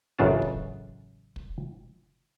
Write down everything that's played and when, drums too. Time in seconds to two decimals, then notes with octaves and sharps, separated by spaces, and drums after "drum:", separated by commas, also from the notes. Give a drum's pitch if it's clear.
0.18 A1 F#2 C#3 D4 F4 A5
0.42 drum: kick
1.36 drum: kick